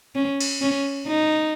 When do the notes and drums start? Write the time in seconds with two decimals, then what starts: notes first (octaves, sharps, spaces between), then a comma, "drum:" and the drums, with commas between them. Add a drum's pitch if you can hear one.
0.15 C#4
0.41 drum: cymbal
0.61 C#4
1.07 D#4